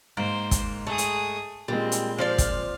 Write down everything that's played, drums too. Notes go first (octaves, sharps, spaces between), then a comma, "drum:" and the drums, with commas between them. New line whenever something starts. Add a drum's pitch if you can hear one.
G#2 A#3 C5
drum: kick, hi-hat
A3 G#4 D#6
drum: hi-hat
A#2 G3 G#3 C4
drum: hi-hat
F3 C5 D5 F5
drum: kick, hi-hat